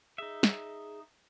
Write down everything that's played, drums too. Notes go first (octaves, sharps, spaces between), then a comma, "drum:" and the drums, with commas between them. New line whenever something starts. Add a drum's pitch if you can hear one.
D#4 G#4 E5
drum: snare